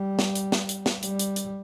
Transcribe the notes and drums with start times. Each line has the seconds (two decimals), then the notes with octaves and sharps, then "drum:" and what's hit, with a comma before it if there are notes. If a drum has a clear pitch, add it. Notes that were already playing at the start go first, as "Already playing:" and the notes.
Already playing: G3
0.19 drum: snare
0.35 drum: hi-hat
0.52 drum: snare
0.69 drum: hi-hat
0.86 drum: snare
1.03 G3, drum: hi-hat
1.19 drum: hi-hat
1.36 drum: hi-hat